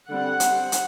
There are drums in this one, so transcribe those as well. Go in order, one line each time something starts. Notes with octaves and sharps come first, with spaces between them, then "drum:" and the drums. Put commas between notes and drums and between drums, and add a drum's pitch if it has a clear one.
D3 G3 C4 F#5
G3 C4, drum: hi-hat
drum: hi-hat